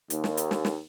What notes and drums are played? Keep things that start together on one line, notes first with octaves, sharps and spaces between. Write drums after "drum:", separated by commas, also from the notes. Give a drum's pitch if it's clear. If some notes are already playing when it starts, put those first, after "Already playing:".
D#2, drum: hi-hat
drum: snare
drum: hi-hat
drum: snare
drum: snare